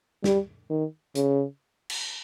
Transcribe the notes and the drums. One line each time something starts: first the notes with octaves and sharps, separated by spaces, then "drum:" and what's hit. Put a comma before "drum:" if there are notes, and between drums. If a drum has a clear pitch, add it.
G3, drum: snare
D#3
C#3, drum: hi-hat
drum: cymbal